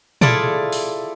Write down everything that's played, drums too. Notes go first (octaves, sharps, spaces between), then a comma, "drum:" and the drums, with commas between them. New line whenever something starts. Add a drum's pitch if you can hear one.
E4 F4 G#4 A4 D5, drum: tom A#2
drum: open hi-hat